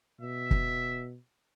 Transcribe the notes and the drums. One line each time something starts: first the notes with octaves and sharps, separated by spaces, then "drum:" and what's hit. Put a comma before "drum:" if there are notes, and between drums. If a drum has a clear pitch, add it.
B2 E5
drum: kick